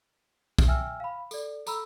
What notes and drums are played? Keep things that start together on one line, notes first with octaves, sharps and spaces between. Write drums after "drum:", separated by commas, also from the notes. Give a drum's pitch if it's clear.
drum: kick, tambourine
E5 G5 G#5 E6 F6
F5 B5
A4 D5, drum: tambourine
A4 A#5 B5 E6, drum: tambourine